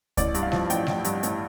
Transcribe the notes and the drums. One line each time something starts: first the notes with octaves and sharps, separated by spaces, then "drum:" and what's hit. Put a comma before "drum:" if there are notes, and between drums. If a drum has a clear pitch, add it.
A1 D5, drum: kick C#2, hi-hat
G2, drum: hi-hat
F5
F3, drum: snare G3
A1 G5, drum: hi-hat
A1, drum: snare G3
G2, drum: hi-hat
A1, drum: hi-hat